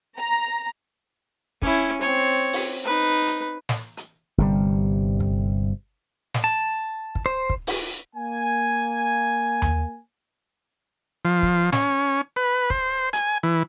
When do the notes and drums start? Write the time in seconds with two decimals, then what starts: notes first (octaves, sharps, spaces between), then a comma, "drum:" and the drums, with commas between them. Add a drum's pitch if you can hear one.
0.17 A#5
1.62 C#4 E4, drum: kick
2.01 C4 C#5, drum: hi-hat
2.53 drum: open hi-hat
2.84 D#4 B4
3.27 drum: hi-hat
3.69 drum: snare
3.97 drum: hi-hat
4.38 G1 C3 G3
5.20 drum: kick
6.34 drum: snare
6.44 A5
7.15 drum: kick
7.26 C5
7.50 drum: kick
7.67 drum: open hi-hat
8.15 A#3 G#5
9.62 drum: tom D#2
11.25 F3
11.42 drum: kick
11.72 C#4, drum: snare
12.36 B4
12.70 C5, drum: kick
13.13 G#5, drum: hi-hat
13.43 E3